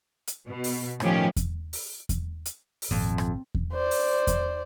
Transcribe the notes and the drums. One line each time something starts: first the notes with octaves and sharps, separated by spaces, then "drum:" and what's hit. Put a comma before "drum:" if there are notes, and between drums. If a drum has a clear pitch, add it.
drum: hi-hat
B2
drum: open hi-hat
A2 D#3 F3 C#4 G4, drum: rim click
drum: kick E2, hi-hat
drum: open hi-hat
drum: kick E2, hi-hat
drum: hi-hat
drum: open hi-hat
G#1 F2 A#2
drum: rim click
drum: kick E2
C5 D5
drum: open hi-hat
drum: kick E2, hi-hat